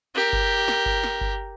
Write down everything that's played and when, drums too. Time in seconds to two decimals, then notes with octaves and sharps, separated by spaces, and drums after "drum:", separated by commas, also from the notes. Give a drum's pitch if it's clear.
0.15 G4 A#4
0.33 drum: kick G1
0.68 drum: snare
0.86 drum: kick G1
1.03 drum: snare
1.21 drum: kick G1